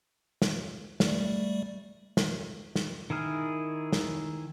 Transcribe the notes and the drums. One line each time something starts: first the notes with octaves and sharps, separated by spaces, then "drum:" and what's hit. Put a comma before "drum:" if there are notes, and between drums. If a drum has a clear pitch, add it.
drum: snare
G3 A3 D5, drum: snare
drum: snare
drum: snare
D#3 E4 G#4 F6
drum: snare